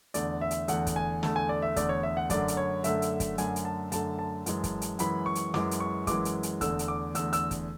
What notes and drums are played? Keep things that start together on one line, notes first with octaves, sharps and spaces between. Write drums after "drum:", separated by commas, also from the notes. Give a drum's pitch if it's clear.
E2 D3 A3 D5, drum: hi-hat
E5
drum: hi-hat
E2 D3 A3 F#5, drum: hi-hat
drum: kick, hi-hat
G#5
E2 D3 A3 A5, drum: snare
G#5
D5
E5
E2 D3 A3 D5, drum: kick, hi-hat
C#5
E5
F#5
F#2 D3 A3 D5, drum: kick, hi-hat
drum: hi-hat
C#5
F#2 D3 A3 E5, drum: hi-hat
drum: hi-hat
drum: kick, hi-hat
F#2 D3 A3 G#5, drum: hi-hat
drum: hi-hat
A5
F#2 D3 A3 A5, drum: hi-hat
A5
F#2 E3 G#3, drum: hi-hat
drum: kick, hi-hat
drum: hi-hat
F#2 E3 G#3 B5, drum: hi-hat
C#6
drum: hi-hat
F#2 E3 G#3 D6, drum: snare
drum: hi-hat
C#6
F#2 E3 G#3 D6, drum: kick, hi-hat
drum: hi-hat
drum: hi-hat
E2 D3 A3 E6, drum: kick, hi-hat
drum: hi-hat
D6
E2 D3 A3 E6, drum: hi-hat
E6, drum: hi-hat
drum: kick, hi-hat